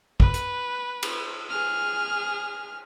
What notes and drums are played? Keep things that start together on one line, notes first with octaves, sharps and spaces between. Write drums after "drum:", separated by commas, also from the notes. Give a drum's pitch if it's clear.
B4, drum: kick
drum: hi-hat
drum: cymbal
G#4 F6